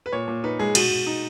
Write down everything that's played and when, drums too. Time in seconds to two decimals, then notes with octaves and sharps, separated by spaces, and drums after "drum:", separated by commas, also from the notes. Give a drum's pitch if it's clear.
0.06 B4
0.13 A#2 C#5
0.28 A#2
0.44 D#4 B4
0.59 G#3 G#4
0.75 B2 F#4, drum: cymbal
0.91 B2
1.07 D#4